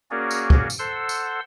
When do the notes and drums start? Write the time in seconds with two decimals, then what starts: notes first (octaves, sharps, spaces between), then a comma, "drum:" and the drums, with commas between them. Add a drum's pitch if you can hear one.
0.11 A#3 C#4 F#4 G#4 A#4 D5
0.31 drum: tambourine
0.50 drum: kick
0.70 drum: tambourine
0.79 A4 C5 F#5 C6 E6
1.09 drum: tambourine